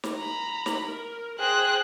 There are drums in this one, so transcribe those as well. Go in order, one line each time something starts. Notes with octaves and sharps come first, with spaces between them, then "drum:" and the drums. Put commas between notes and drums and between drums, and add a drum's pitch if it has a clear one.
drum: snare
A#5 B5
drum: snare
A#4
G#4 C5 G5 F#6 A#6